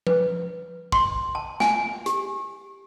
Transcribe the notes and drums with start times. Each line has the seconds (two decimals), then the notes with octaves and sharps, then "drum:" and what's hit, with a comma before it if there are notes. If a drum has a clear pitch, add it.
0.07 B4, drum: tom F3
0.92 C6, drum: kick
1.35 A5
1.60 G#5, drum: snare
2.06 G4, drum: hi-hat